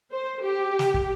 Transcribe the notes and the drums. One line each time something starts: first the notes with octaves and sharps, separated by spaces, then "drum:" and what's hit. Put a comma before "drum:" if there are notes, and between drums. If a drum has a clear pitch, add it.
C5
G4
drum: snare
drum: kick